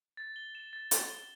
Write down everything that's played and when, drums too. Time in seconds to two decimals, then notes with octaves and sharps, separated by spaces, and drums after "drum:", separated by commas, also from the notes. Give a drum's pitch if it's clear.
0.17 A6
0.36 G7
0.55 E7
0.73 A6
0.91 A6, drum: hi-hat
1.10 G7